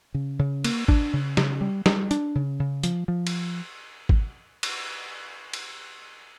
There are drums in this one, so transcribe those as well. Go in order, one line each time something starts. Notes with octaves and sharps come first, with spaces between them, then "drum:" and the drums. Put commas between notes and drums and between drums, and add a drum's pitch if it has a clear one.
C#3
C#3
A#3, drum: cymbal
D4, drum: kick G#1
C#3
C#3, drum: snare
G3
G3, drum: snare
D4, drum: hi-hat
C#3
C#3
F3, drum: hi-hat
F3
drum: cymbal
drum: kick G#1
drum: cymbal
drum: cymbal